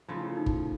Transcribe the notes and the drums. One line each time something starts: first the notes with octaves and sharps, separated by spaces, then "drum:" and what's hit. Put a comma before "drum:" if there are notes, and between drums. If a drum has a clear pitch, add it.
C#3 F3 A3 F4
E4
F4
D#4
drum: kick G1